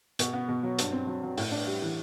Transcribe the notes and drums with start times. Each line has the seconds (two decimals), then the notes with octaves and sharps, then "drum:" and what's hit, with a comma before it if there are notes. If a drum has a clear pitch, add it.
0.19 B2, drum: hi-hat
0.33 B3
0.49 B2
0.63 F#3
0.79 G2, drum: hi-hat
0.92 C4
1.07 F#3
1.23 F#3
1.37 A2, drum: open hi-hat
1.52 D4
1.67 G3
1.82 E3